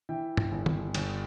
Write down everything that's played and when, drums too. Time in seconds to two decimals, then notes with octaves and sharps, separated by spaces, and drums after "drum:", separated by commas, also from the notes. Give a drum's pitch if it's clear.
0.09 E3 E5 G5
0.37 drum: tom G#2
0.52 G1
0.66 drum: tom
0.95 G1, drum: cymbal